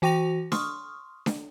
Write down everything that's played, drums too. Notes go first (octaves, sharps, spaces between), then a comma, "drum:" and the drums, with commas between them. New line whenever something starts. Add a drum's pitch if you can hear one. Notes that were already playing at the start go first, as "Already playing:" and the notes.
E3 F#4 G5 C#6 A#6 F7
C6 C#6 D#6 F6, drum: snare D4
drum: snare D4